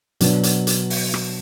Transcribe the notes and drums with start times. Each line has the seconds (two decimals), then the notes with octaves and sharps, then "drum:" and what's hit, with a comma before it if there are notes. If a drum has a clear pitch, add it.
0.20 B2 F#3 B3 D4, drum: hi-hat
0.43 drum: hi-hat
0.67 drum: hi-hat
0.90 drum: open hi-hat
1.14 drum: rim click